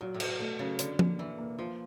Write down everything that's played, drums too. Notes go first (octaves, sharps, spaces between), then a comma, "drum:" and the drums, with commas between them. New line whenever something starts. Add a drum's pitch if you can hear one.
A#2 F#3
A2
F#3, drum: cymbal
A#2
B2 A3
C#3 F#3
D3 D4, drum: hi-hat
A#3, drum: tom F3
E3 D4
A#3
F3 F4